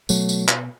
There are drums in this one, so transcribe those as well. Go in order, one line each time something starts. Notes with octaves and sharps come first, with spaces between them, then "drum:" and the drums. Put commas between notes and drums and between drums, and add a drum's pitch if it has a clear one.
B2 F#3 A3, drum: tambourine
drum: tambourine
drum: clap